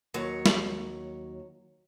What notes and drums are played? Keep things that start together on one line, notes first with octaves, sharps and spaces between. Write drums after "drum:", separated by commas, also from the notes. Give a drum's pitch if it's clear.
D#2 F#3 C#5
drum: snare